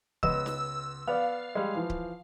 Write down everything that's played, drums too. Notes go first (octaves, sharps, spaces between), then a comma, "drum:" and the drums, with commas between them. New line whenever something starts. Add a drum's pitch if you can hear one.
C#2 B3 D#5 E6, drum: kick C#1
drum: snare
B3 D5 F5
G3 G#3
E3 F3
drum: kick C#1